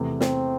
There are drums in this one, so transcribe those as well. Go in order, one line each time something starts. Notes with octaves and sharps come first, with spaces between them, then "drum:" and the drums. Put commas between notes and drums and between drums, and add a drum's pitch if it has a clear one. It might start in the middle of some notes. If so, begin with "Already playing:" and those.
Already playing: E2 C3 A3
C4, drum: snare